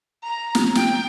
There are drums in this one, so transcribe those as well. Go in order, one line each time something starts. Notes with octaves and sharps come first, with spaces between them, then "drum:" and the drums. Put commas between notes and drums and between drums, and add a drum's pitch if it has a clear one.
A#5
drum: snare
G5, drum: snare